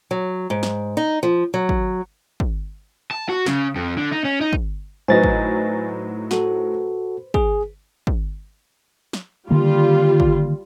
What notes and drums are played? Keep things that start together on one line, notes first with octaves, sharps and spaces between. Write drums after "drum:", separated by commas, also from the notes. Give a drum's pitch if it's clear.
F#3
G#2
drum: snare
D#4
F3
F#3
drum: kick
drum: kick
A5
F#4
C#3, drum: snare
F2
D3
D#4
C#4
D#4
drum: kick
A2 F#3 D#4 B4 C5 G#5 A6 A#6
drum: kick
F#4 A4, drum: snare
G#4, drum: kick
drum: kick
drum: snare
D3 D#3 G3 A#3 F4
drum: kick